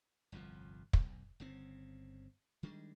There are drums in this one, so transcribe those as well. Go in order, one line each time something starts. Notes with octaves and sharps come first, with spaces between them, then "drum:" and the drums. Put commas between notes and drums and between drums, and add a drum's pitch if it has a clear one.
G1 C2 F2 F3
B1, drum: kick
G1 C#3 C4
D#3 G3 G#3 D4